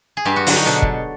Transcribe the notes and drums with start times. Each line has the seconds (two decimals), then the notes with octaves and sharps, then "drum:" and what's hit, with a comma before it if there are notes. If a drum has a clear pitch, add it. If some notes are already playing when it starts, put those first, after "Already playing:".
0.17 G#4
0.25 G2 G4
0.36 F#4
0.47 D3 F#3, drum: open hi-hat
0.56 D#4
0.66 B2 D4
0.82 drum: kick